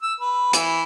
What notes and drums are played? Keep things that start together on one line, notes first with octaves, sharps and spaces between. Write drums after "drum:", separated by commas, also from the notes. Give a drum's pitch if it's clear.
E6
B4
E3, drum: hi-hat